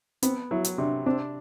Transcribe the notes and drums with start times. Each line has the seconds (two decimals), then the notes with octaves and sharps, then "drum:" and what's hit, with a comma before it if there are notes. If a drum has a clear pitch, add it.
0.22 B3 C4, drum: hi-hat
0.51 F#3 E4
0.64 drum: hi-hat
0.78 C3 D4
1.06 C4 D4